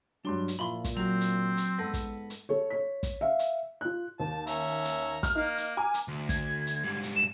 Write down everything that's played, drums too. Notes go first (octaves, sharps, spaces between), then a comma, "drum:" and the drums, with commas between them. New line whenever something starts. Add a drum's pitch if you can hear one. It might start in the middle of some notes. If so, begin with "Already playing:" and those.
G2 F#3 D4 C6 G7
drum: hi-hat
A#2 F3 E4 F4 B5 C6
drum: kick, hi-hat
F#3 C4 F#4 F7
drum: hi-hat
drum: hi-hat
G#2 B3 A4 A#6
drum: kick, hi-hat
drum: hi-hat
A4 C#5
C#5 B6
drum: kick, hi-hat
E5 F5
drum: hi-hat
F4 F#6
D#2 A5
C#4 E5 A#5, drum: hi-hat
drum: hi-hat
F6, drum: kick, hi-hat
A#3 D#4
drum: hi-hat
G#5 A#5 D6
drum: hi-hat
D2
G#6, drum: kick, hi-hat
drum: hi-hat
G#2 G3
drum: hi-hat
E7